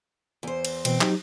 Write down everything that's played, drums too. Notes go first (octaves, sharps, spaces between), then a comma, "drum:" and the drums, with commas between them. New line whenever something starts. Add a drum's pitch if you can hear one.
E2 C5
drum: cymbal
B2 E3 C4, drum: cymbal
F#3 D#4 G4, drum: clap